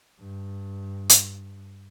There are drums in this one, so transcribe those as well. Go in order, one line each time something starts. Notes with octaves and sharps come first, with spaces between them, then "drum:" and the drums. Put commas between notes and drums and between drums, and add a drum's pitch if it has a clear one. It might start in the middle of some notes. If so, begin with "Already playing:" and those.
G2
drum: hi-hat